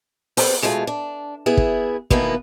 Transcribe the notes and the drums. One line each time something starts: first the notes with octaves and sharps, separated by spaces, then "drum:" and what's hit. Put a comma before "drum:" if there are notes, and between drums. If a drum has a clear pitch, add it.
B3 C4 C5 F#5, drum: open hi-hat
B2 G#3 A3 F4
D4
B3 E4 G#4
drum: kick
B2 D#3 E3 A#3 B3, drum: kick